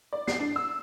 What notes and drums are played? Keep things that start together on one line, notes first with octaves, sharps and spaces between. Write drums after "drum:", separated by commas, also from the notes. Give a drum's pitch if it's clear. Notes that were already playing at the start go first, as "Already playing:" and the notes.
D5
C7, drum: snare
D4
E6